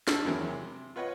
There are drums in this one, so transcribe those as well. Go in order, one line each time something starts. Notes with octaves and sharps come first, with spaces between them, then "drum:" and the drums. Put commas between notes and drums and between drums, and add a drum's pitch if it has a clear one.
A5 E6 F6, drum: snare
E2 D#3 F#3 G#3 C4 E4
C3
F4 B4 C#5 D#5 F#5